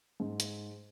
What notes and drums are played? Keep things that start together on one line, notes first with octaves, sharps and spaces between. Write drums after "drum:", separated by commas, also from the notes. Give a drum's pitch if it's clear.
G#2
drum: hi-hat